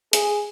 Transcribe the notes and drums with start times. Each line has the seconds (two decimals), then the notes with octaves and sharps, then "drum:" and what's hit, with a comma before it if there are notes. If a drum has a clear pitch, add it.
0.13 G#4, drum: hi-hat